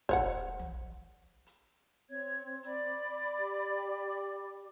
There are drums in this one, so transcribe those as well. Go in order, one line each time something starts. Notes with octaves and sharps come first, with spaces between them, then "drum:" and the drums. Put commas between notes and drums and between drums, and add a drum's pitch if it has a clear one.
C5 C#5 F#5, drum: kick
drum: tom
drum: hi-hat
C4 C#5 G#6
D5 B5, drum: hi-hat
G4